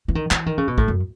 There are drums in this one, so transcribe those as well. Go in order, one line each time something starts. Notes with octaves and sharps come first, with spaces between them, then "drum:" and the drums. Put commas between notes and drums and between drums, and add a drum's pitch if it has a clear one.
E3
D#3
E3, drum: clap
D#3
C#3
B2
A2, drum: kick
F#2